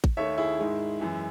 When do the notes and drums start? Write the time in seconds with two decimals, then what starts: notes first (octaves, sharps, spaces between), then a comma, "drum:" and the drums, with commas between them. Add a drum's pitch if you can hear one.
0.04 drum: kick A1
0.17 D#2 D#3 A3 C#5 E5
0.38 E4 G#4
0.59 G#2 D#3 G#3
1.00 F#2 E3 G#3